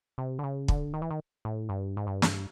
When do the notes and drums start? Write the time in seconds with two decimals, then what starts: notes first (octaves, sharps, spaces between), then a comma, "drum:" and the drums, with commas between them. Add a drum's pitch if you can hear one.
0.18 C3
0.39 D3
0.43 C#3
0.68 D3, drum: kick
0.94 D#3
1.02 E3
1.11 D#3
1.45 A2
1.69 G2
1.97 G#2
2.07 G2
2.22 drum: snare